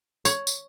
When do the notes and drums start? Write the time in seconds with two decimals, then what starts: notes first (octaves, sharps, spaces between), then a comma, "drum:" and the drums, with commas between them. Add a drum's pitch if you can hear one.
0.25 C#5, drum: tambourine
0.47 drum: tambourine